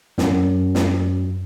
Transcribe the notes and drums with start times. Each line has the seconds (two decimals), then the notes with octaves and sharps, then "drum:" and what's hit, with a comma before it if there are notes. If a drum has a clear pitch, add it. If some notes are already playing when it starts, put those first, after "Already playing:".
0.18 F#2, drum: snare
0.75 drum: snare